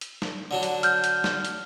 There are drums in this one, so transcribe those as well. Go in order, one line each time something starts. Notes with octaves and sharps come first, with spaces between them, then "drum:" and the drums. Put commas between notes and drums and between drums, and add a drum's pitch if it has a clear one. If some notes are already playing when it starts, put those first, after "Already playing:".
drum: hi-hat
drum: snare
D3 F#3 D4
drum: hi-hat
F6 G6, drum: hi-hat
drum: hi-hat
drum: snare
drum: hi-hat